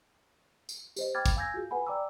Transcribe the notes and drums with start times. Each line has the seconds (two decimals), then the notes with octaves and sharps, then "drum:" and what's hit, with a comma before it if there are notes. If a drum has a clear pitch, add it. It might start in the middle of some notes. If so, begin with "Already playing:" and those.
0.69 drum: tambourine
0.96 G4 C5 D#5, drum: tambourine
1.15 G5 B5 D6 F6 G#6 A6
1.26 drum: kick, tambourine
1.36 F5 G#5 E6 G6 G#6 A#6
1.54 F4 F#4 G#4
1.71 B4 F#5 G#5 B5
1.87 D5 G5 A#5 D6 E6